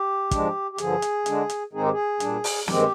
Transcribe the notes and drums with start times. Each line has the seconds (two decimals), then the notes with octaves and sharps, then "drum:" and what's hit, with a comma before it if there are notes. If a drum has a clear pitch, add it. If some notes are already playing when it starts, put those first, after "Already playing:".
Already playing: G4
0.31 G#2 F3 G#3 D4, drum: kick, hi-hat
0.71 G4
0.78 G2 D3 F3 G#4, drum: hi-hat
1.02 drum: hi-hat
1.26 D3 G#3 D4, drum: hi-hat
1.50 drum: hi-hat
1.73 G#2 D#3 G#3 C4 D#4 G#4
1.82 G4
1.91 G#4
2.20 A#2 G3 D4, drum: hi-hat
2.44 drum: open hi-hat
2.68 G2 D#3 G#3 C4 G4, drum: snare